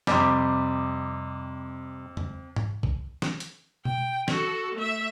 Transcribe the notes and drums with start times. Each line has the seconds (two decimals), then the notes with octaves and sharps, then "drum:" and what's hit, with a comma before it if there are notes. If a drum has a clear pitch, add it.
0.07 F2 C3 G3, drum: snare
2.17 drum: tom E2
2.56 drum: tom G#2
2.83 drum: kick A#1
3.22 drum: snare
3.40 drum: hi-hat
3.85 G5, drum: tom B2
4.28 F#4 A4, drum: snare
4.75 A3 E5